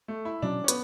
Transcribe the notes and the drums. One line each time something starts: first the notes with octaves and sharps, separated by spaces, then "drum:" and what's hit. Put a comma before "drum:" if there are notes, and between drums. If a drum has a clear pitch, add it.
A3
E4
B2 F#3 C#4 D4
C#4
B3, drum: hi-hat